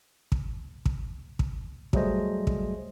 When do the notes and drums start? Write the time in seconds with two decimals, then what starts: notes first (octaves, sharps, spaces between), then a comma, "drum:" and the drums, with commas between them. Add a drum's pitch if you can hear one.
0.32 drum: kick
0.86 drum: kick
1.39 drum: kick
1.93 F#3 G3 A3 G#4 C5 D#5, drum: kick
2.47 drum: kick